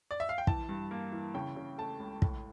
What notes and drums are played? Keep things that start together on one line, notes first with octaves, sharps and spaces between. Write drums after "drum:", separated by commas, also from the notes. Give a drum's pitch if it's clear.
D5
E5
F5
G5
E3 A5, drum: kick
G2
A#3
E3
C#3 G5
C#3
A3 A5
C#2
A2, drum: kick